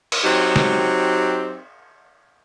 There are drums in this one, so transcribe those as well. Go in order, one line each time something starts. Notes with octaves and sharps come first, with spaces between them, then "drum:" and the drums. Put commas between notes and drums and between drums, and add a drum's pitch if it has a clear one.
drum: cymbal
F#3 C4 D#4 G4
drum: snare